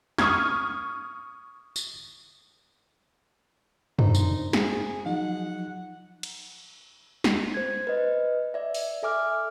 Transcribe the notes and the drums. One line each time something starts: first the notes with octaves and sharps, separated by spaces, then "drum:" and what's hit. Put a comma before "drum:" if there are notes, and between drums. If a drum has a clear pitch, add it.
C#6 D#6 F6 G#6, drum: snare
drum: tambourine
D4 D#4 A#4 C5, drum: tom
drum: tambourine
G#4, drum: snare
F3 F#3 D#4 F#5
drum: cymbal
drum: snare
C5 G#6
B4 D#5
D5 E5
drum: open hi-hat
A4 E5 G#5 D6 F6